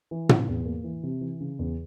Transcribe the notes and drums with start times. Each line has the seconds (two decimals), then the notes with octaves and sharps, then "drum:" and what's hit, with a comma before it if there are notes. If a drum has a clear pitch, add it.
0.11 E3
0.29 C3, drum: tom
0.48 E2
0.66 A#3
0.84 E3
1.03 C3
1.21 E3
1.40 C#3
1.59 E2